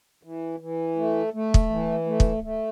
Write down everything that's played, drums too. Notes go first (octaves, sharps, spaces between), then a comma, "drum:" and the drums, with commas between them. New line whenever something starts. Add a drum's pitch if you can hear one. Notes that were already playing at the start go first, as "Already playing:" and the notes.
E3
E3
A3
A3
drum: kick
E3
A3
drum: kick
A3